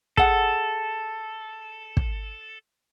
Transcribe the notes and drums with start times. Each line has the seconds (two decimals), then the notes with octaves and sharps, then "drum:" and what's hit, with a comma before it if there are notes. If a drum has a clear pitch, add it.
0.17 G#4 A4 F#5, drum: kick
1.97 drum: kick